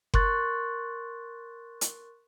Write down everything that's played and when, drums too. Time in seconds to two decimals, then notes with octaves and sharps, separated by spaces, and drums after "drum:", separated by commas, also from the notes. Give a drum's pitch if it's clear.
0.14 A#4 C6 C#6 F#6 A6, drum: kick F#1
1.81 drum: hi-hat